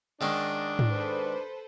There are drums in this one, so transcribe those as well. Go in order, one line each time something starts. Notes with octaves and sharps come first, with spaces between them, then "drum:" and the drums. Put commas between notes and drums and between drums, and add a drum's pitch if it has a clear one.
G#2 D#3 C#4 D4
drum: tom G#2
A4 B4 C5